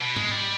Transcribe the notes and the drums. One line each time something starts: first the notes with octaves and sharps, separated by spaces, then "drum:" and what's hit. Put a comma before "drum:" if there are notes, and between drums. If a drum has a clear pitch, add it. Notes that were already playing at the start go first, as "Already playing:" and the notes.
B2
G#3, drum: tom
G3